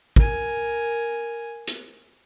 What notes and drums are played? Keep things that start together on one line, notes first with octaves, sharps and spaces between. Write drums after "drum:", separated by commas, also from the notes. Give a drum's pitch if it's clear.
A#4 G#5, drum: kick
drum: hi-hat